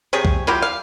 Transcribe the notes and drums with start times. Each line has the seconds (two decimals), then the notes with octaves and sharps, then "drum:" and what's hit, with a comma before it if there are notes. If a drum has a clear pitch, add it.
0.13 C3 G4 G#4 C#5
0.25 drum: kick C2
0.47 F#3 E4 F4 G4
0.62 F5